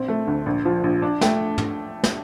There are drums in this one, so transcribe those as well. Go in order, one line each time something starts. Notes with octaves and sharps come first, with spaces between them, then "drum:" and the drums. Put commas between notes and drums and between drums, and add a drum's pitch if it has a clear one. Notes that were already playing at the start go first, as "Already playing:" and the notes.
Already playing: A#1 C4
A3
D2
A#1
F3
A#1
D4
A3 G5, drum: snare
drum: tom
drum: snare